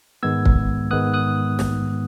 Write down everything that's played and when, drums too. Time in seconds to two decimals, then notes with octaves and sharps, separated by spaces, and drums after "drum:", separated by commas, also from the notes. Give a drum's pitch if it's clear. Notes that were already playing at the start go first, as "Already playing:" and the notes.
0.23 G#2 D#3 G#3 B3 E6 G#6
0.45 drum: kick
0.91 G#2 D#3 G#3 B3 D#6 F#6
1.14 D#6 F#6
1.59 drum: snare